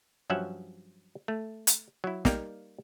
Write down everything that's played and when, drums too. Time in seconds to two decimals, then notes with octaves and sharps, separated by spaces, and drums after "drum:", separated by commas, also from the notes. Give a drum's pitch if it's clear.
0.30 G2 F3 F#3 C#4 E5 F#5
1.28 A3
1.67 drum: hi-hat
2.04 F#3 E4
2.25 G3 A#3 D#4 F5 G5, drum: snare